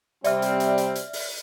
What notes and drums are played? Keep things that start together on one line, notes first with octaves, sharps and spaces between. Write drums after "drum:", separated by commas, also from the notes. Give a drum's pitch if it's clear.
C3 G3 C4 D5 E5 F6, drum: hi-hat
drum: hi-hat
drum: hi-hat
drum: hi-hat
drum: hi-hat
drum: open hi-hat